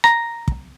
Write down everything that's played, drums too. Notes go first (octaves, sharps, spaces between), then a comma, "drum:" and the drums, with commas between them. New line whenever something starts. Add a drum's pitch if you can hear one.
A#5, drum: rim click
drum: kick